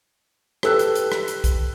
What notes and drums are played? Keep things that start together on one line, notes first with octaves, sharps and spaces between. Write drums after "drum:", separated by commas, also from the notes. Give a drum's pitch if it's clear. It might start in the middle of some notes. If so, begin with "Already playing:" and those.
G4 A4 B4 E6 F#6, drum: rim click
drum: hi-hat
drum: hi-hat
drum: rim click
drum: hi-hat
drum: kick B1, hi-hat